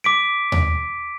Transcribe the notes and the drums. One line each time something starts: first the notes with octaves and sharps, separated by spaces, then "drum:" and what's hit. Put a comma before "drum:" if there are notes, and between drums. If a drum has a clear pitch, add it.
D6 B6 D7
drum: tom D#2